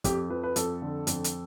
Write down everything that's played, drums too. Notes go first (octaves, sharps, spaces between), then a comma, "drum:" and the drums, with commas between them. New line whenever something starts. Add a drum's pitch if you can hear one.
F2 G4, drum: kick, hi-hat
F3 B4
B4
F2 A4, drum: hi-hat
D3
F2, drum: hi-hat
drum: hi-hat